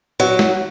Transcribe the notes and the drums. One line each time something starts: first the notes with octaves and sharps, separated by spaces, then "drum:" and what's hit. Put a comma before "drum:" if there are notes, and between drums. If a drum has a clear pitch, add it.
F#3
drum: snare